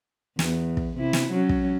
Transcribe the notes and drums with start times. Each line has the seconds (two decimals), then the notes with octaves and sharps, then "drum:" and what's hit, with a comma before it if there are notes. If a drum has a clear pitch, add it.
0.39 E2, drum: snare
0.77 drum: kick
0.97 C3 E4
1.13 drum: snare
1.31 F#3 C#4
1.49 drum: kick